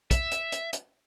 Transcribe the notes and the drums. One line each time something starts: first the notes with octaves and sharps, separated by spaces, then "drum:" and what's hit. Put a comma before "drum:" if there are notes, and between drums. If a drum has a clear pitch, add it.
E5, drum: kick, hi-hat
drum: hi-hat
drum: hi-hat
drum: hi-hat